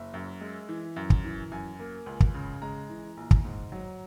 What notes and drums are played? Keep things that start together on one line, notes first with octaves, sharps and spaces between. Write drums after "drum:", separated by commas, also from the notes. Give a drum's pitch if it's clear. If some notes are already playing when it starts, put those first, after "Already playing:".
Already playing: F#1 E5
F#2
G#3
E3
F#2
drum: kick
E3
F#2 G#5
A#3
C#2
drum: kick
C#3
G#3 A#5
E3
A#1
drum: kick
G#2
F#3